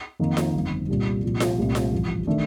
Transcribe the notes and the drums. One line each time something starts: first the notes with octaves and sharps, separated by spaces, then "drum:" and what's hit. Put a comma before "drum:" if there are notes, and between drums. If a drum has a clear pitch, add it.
F2 D#3 A#3 D#4
drum: snare F4
G1 F2 D#3
C2 A#2 G3
C2 A#2 F3
drum: snare F4
C2 A#2 A3 C4
drum: snare F4
A1 G2 F3
D#3 A3 D4